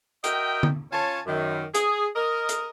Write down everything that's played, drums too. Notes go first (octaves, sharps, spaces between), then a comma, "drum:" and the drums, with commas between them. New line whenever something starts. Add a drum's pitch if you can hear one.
F#4 A#4 D#5 E5 G5, drum: hi-hat
drum: tom D3
C#4 F4 C#5 G#5 A5
F#2 D#3
G#4, drum: hi-hat
A#4 D#5
drum: hi-hat